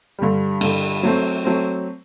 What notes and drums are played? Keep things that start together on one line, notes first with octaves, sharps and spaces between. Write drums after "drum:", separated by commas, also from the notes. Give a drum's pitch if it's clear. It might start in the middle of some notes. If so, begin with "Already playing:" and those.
G2 D3 G3
G2 D3 G3, drum: cymbal
F#3 A3 C4
F#3 A3 C4